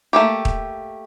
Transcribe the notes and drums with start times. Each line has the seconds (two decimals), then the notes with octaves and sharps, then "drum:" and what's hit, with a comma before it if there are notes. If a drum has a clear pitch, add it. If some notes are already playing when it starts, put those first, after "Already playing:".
0.13 A3 A#3 G4
0.45 drum: kick D#1